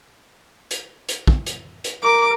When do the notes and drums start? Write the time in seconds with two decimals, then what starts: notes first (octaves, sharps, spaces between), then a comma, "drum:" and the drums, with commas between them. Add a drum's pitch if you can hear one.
0.71 drum: hi-hat
1.09 drum: hi-hat
1.27 drum: kick
1.46 drum: hi-hat
1.84 drum: hi-hat
2.03 A#4 D6